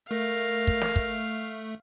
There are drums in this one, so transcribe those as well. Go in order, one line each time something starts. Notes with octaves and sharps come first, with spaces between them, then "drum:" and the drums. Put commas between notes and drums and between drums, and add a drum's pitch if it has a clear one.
A3 A#4 F5
drum: kick
drum: snare
drum: kick